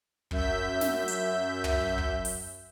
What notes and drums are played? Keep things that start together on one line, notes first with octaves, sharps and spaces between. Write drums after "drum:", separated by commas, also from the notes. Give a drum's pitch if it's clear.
F#2 E5 G6 B6, drum: kick
drum: snare
drum: hi-hat
drum: tom
drum: kick
drum: open hi-hat